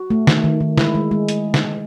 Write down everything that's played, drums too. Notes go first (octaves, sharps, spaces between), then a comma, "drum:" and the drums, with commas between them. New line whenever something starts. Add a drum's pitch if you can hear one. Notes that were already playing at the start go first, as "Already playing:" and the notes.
Already playing: F#4
A3
D#3, drum: snare
D#3
D#3
G#3 E4, drum: snare
G#3
G#3
drum: hi-hat
drum: snare